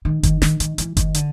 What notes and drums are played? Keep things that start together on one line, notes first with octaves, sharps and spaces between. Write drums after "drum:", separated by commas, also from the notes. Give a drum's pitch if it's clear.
D#3
D#3, drum: kick F#1, hi-hat
D#3, drum: snare
D#3, drum: hi-hat
E3, drum: hi-hat
D#3, drum: kick F#1, hi-hat
D3, drum: hi-hat